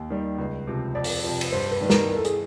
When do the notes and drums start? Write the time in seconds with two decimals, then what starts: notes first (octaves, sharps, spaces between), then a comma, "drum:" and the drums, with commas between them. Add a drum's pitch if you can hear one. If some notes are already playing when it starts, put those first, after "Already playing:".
Already playing: D#2
0.10 D#3 G3
0.38 C#2
0.67 C3 F3
0.95 F2 D5
1.04 drum: open hi-hat
1.24 C3 F3
1.41 drum: cymbal
1.52 G2 C5
1.71 B4
1.81 D#3 G3 B3
1.90 A#4, drum: snare
2.09 E3 A#4
2.17 A4
2.25 G#4, drum: hi-hat